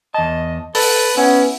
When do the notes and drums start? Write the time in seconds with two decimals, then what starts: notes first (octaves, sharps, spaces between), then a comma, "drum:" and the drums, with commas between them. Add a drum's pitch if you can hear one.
0.14 E2 D#5 A5
0.75 A4 B4, drum: open hi-hat
1.17 B3 C#4 E4